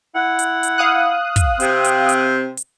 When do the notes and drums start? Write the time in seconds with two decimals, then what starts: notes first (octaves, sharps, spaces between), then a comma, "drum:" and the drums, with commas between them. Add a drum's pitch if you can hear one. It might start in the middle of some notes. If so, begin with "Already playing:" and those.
0.14 E4 F#5
0.39 drum: hi-hat
0.63 drum: hi-hat
0.78 F5 D#6 F#6
1.36 drum: kick, hi-hat
1.60 C3 C4, drum: hi-hat
1.84 drum: hi-hat
2.09 drum: hi-hat
2.57 drum: hi-hat